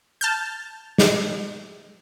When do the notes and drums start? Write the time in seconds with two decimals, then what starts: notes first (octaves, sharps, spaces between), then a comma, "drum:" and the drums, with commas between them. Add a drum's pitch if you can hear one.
0.21 A5 F6 G6
0.98 drum: snare